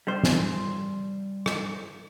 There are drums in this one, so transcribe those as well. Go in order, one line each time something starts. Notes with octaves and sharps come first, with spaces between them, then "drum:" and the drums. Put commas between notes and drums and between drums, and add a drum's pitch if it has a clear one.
G3 C5
drum: snare
drum: rim click